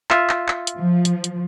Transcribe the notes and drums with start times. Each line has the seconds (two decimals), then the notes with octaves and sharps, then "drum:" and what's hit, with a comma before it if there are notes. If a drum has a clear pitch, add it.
0.10 F4 E5, drum: clap
0.29 drum: clap
0.48 drum: clap
0.67 drum: hi-hat
0.78 F3
1.05 drum: hi-hat
1.24 drum: hi-hat